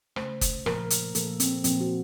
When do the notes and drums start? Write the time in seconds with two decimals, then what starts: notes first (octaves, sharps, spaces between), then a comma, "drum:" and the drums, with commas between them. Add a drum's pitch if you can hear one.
0.16 C#3 A3 C5, drum: rim click
0.41 drum: kick, hi-hat
0.66 A#2 F3 A#3 A#4, drum: rim click
0.90 drum: hi-hat
1.15 A#2 F3 A#3 A4, drum: hi-hat
1.40 C4, drum: hi-hat
1.64 A#2 F3 A#3 C4, drum: hi-hat
1.81 F#4